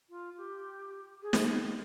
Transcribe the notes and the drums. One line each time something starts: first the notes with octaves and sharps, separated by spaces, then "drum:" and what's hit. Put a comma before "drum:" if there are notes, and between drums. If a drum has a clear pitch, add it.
F4
G4
G#4
drum: snare